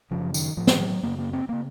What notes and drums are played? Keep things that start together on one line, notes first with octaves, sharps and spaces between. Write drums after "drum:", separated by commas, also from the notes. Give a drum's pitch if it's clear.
F#2 C#3 F3
D#3, drum: tambourine
A2 F3
drum: snare
F#3
F#2 C#3 A#3
A#3
C4
C#3 A#3